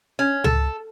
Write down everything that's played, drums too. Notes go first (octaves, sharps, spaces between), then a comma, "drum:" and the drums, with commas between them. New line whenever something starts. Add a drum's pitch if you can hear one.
C#4
A4, drum: tom C#2